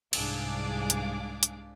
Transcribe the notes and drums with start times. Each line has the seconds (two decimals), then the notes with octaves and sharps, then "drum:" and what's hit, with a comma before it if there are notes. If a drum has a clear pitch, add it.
0.13 C2 G#2 D4 G#4 F5 D6, drum: cymbal
0.90 drum: hi-hat
1.43 drum: hi-hat